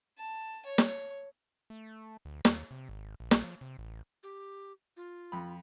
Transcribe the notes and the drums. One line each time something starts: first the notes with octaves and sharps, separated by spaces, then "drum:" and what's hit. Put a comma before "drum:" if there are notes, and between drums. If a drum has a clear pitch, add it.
A5
C#5
drum: snare
A3
D2
D#2, drum: snare
C3
G#1
A#1
drum: snare
F3
C3
A1
G4
F4
F2 B5